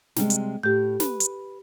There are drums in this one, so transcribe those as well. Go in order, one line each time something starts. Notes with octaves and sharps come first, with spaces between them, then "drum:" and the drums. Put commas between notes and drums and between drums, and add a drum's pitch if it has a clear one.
C3 G3 G#3, drum: snare
drum: hi-hat
A2 G4 G6
B4, drum: snare
drum: hi-hat